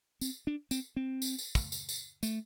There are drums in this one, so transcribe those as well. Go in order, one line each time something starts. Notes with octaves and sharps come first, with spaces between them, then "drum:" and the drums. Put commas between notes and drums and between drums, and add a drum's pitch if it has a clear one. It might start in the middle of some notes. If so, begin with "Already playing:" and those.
C4, drum: tambourine
D4
C4, drum: tambourine
C4
drum: tambourine
drum: tambourine
drum: kick, tambourine
drum: tambourine
drum: tambourine
A3, drum: tambourine